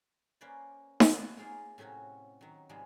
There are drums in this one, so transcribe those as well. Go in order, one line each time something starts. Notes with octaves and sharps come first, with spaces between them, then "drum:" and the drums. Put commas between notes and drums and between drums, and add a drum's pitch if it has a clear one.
A#3 C#4 B4 C5 D5
drum: snare D#4
B3 F4 F#4 A5
A#3 F4 G#4 A#4 C#5
A2 C3 F#3 C#4 F#4
D#3 F#3
G#2 C3 F3 G3 G#3